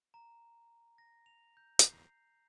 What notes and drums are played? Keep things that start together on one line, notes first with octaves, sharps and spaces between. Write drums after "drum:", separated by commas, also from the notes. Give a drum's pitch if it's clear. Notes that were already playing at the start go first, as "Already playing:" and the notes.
A#5
A#6
F7
G6
C7, drum: hi-hat